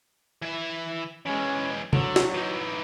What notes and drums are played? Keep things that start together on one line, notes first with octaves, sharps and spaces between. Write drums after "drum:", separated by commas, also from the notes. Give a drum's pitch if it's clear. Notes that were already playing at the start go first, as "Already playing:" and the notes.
E3 E5
E3 G#3 C#4
D3 F#3, drum: tom
drum: snare
E3 D#4